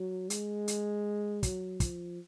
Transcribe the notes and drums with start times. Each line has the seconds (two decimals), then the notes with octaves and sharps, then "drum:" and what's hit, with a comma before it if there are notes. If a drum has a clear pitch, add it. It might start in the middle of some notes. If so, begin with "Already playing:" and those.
Already playing: F#3
0.30 G#3, drum: hi-hat
0.68 drum: hi-hat
1.43 F#3, drum: kick, hi-hat
1.80 F3, drum: kick, hi-hat